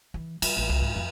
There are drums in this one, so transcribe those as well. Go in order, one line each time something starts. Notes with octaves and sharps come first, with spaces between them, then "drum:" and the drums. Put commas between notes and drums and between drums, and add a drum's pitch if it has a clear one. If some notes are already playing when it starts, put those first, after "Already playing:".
E3
G3, drum: cymbal
A1
C2
G#2
F2